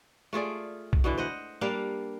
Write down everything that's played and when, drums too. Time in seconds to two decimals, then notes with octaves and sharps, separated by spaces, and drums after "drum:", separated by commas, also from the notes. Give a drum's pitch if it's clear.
0.33 A3 F4 G#4 D5
0.93 drum: kick B1
1.04 B2 D3 E3
1.18 C5 D#5 F#5
1.61 G3 A#3 D4 F5